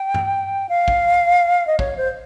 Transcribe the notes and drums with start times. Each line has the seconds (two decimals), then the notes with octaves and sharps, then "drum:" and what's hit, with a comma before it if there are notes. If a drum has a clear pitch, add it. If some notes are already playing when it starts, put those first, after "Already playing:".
Already playing: G5
0.14 drum: tom G2
0.69 F5
0.88 drum: kick
1.67 D#5
1.79 C#5, drum: kick
1.97 C5